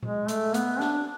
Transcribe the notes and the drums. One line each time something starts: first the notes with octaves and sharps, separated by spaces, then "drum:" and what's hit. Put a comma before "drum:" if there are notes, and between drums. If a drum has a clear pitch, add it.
G#3, drum: tom A#2
A3, drum: hi-hat
B3, drum: hi-hat
D4, drum: snare